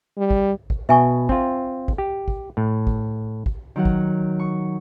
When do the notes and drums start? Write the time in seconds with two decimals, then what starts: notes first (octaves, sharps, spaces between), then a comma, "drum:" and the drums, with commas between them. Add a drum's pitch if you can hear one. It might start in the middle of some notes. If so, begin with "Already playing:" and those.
0.18 G3
0.30 drum: kick
0.70 drum: kick
0.89 B2 E5 G#5 C#6
1.29 C4 F4, drum: kick
1.88 drum: kick
1.98 G4
2.28 drum: kick
2.57 A2
2.87 drum: kick
3.46 drum: kick
3.76 D#3 F#3 F#5
3.85 drum: kick
4.39 C#6